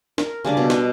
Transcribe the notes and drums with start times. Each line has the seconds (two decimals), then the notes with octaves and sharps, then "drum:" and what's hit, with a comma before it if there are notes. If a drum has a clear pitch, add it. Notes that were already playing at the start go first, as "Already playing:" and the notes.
0.18 A#4, drum: snare
0.45 C#3 G3 D4 D5
0.57 B2
0.70 D#5, drum: snare